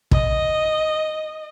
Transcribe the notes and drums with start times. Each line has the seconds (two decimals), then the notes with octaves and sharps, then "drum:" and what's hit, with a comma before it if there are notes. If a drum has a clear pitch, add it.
0.11 D#5, drum: kick